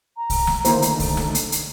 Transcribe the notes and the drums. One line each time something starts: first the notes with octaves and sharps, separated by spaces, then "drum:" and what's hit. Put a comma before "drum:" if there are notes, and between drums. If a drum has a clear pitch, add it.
A#5
drum: kick, open hi-hat
drum: snare
D3 D#3 A3 A#3 E4 C5, drum: hi-hat
drum: hi-hat
drum: kick, open hi-hat
drum: snare
drum: hi-hat
drum: hi-hat